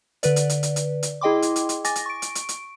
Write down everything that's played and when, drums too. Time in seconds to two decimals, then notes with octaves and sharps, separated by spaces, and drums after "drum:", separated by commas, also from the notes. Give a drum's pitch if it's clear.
0.23 D3 B4 D5, drum: hi-hat
0.36 drum: hi-hat
0.49 drum: hi-hat
0.63 drum: hi-hat
0.76 drum: hi-hat
1.03 drum: hi-hat
1.21 E4 G#4 D#5 G5 C6 D6
1.42 drum: hi-hat
1.56 drum: hi-hat
1.69 drum: hi-hat
1.84 G#5 D6 A6 A#6, drum: hi-hat
1.95 drum: hi-hat
2.06 C#6 D7
2.22 drum: hi-hat
2.35 drum: hi-hat
2.49 drum: hi-hat